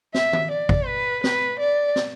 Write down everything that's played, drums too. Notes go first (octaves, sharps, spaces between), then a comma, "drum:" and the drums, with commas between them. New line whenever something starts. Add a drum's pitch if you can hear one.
E5, drum: snare
drum: tom D#3
D5
drum: kick
B4
B4, drum: snare
D5
drum: snare